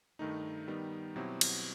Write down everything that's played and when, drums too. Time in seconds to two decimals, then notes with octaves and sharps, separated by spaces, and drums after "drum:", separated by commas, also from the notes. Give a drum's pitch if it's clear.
0.19 G2 D#3 A3 D#4
0.68 D#3 G3 B3 D#4
1.16 B2 F#3 C4 E4 G4
1.41 drum: cymbal